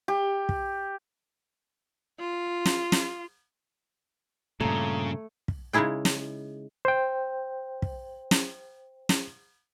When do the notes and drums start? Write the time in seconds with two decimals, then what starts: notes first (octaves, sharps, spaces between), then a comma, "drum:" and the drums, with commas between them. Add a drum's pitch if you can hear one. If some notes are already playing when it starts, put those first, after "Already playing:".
0.08 G4
0.49 drum: kick
2.20 F4
2.66 drum: snare
2.92 drum: snare
4.61 G2 A#2 C#3 A3 A#5 G#6
5.48 drum: kick
5.73 C#3 G#3 D#4 E4 G#4 G5
6.05 drum: snare
6.85 C5 G5
7.82 drum: kick
8.31 drum: snare
9.09 drum: snare